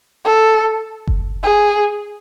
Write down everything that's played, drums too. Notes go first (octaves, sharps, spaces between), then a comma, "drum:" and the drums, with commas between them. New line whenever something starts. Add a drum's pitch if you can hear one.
A4
drum: kick F#1
G#4